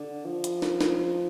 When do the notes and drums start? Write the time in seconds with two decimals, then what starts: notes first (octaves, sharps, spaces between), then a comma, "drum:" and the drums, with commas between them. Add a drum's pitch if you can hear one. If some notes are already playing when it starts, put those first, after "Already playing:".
Already playing: D3
0.25 F3
0.44 drum: hi-hat
0.62 drum: snare
0.81 drum: snare